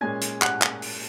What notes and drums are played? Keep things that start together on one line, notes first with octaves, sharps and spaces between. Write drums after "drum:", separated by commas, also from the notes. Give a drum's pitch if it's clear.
A#2 G#3 C#4 G#5 G#6
drum: hi-hat
F#5 F#6, drum: clap
drum: clap
drum: open hi-hat